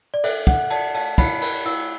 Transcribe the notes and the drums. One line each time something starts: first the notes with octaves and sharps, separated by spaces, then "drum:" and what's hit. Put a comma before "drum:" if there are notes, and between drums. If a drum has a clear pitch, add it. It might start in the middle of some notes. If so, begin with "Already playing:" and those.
D5
A4 E5, drum: cymbal
F#5, drum: kick
D5 A5, drum: cymbal
A5, drum: cymbal
E4 B5, drum: kick, cymbal
B5, drum: cymbal
E4 E6, drum: cymbal